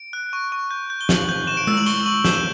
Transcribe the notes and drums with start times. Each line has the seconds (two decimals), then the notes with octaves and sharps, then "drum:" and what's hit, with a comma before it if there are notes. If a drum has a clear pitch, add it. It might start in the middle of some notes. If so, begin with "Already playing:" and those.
Already playing: D7
0.13 F#6
0.33 C#6
0.52 C#6
0.71 G6
0.90 G6
1.01 G7
1.09 C#6 F#7, drum: snare
1.29 G6
1.47 C#6 E7
1.57 D7
1.67 E6 D7, drum: tom G#3
1.77 F#7
1.86 C#6 G7, drum: hi-hat
2.06 C#6 F#7
2.24 G6 E7, drum: snare